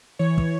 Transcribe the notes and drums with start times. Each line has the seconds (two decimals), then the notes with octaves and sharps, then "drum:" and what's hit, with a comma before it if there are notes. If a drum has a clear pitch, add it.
0.19 E3 C#5
0.38 drum: kick